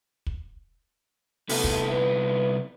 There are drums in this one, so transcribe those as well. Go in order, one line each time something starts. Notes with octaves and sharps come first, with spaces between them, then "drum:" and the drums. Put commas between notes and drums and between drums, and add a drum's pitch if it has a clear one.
drum: kick
C2 A3 B3, drum: open hi-hat
drum: kick
B4